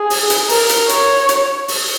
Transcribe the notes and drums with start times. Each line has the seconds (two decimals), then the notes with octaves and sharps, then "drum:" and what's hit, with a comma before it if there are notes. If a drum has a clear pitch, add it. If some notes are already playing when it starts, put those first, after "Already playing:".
Already playing: G#4
0.10 drum: open hi-hat
0.30 drum: hi-hat
0.49 A#4, drum: open hi-hat
0.69 drum: hi-hat
0.89 C#5, drum: hi-hat
1.29 drum: hi-hat
1.68 drum: open hi-hat